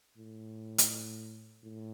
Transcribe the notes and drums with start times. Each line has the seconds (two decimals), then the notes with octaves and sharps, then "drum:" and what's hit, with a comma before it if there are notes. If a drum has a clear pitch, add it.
0.18 A2
0.78 drum: hi-hat
1.63 A2